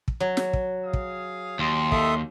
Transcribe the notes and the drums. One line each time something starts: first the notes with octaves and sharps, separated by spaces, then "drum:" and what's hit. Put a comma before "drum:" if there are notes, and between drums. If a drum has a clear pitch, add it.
drum: kick
F#3
drum: snare
drum: kick
G#4 F5 D#6
drum: kick
D#2 C6
A4 E5 D#6, drum: kick